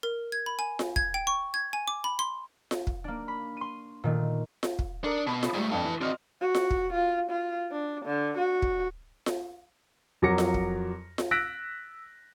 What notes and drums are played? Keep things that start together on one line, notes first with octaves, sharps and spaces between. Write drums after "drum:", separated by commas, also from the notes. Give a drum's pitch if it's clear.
A#4
G#6
B5
G#5
drum: snare F4
G#6, drum: kick
G5
C#6
G#6
G#5
D6
B5
C6
drum: snare F4
drum: kick
A#3 D4
B5
C6 D#7
A#2 D#3 A3
drum: snare F4
drum: kick
D4 A#4 D#6 C#7
B2 A5 B5
drum: snare F4
G#2 G3 A3
F2 D4 B4 F5 A5
E3
C4 F#4 D5 D#5 F6
F#4
drum: snare F4
drum: kick
F4
F4
D4
D3
F#4
drum: kick
drum: snare F4
F2 F#3 A#4 D6 A#6 C#7
drum: snare F4
drum: kick
drum: snare F4
E6 F#6 A#6 B6 D7